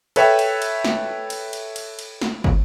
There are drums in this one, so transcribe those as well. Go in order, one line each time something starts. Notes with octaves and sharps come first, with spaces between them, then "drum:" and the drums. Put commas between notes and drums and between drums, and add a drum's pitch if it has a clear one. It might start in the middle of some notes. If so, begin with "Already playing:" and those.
A4 B4 C#5 E5 G5, drum: cymbal
drum: cymbal
drum: cymbal
drum: snare
drum: cymbal
drum: cymbal
drum: cymbal
drum: cymbal
drum: snare
drum: kick